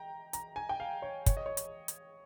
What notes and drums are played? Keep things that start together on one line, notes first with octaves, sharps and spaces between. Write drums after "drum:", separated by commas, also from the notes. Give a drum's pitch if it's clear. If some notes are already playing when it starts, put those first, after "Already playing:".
Already playing: G5 A#5
A#5, drum: hi-hat
G#5
G5
F5
C#5
C#5, drum: kick, hi-hat
D#5
C#5
drum: hi-hat
drum: hi-hat